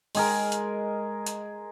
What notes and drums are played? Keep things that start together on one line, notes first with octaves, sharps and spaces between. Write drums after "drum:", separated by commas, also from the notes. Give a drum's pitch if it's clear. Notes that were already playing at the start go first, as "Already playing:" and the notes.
G#3 G#4 A#4, drum: open hi-hat
drum: hi-hat
drum: hi-hat